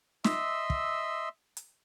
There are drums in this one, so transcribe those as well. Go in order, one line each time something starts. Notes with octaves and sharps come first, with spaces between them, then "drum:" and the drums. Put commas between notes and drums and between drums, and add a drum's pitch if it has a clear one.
D#5 E5 C6 E6, drum: snare
drum: kick
drum: hi-hat